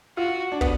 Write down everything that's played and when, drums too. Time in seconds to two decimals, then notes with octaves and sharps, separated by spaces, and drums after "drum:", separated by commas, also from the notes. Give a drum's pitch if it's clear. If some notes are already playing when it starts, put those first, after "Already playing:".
0.17 F4 F#4
0.52 D4
0.61 B3, drum: kick